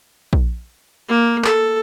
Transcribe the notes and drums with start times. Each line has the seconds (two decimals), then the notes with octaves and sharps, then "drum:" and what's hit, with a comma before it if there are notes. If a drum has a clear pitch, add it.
0.33 drum: kick A#1
1.08 A#3
1.45 A4, drum: clap